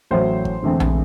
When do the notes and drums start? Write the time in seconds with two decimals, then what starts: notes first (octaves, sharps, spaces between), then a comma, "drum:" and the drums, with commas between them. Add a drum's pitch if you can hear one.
0.11 A1 A2 F#3 C5
0.45 drum: kick
0.63 E1 E2 D3 A3 C4
0.80 drum: tom A#1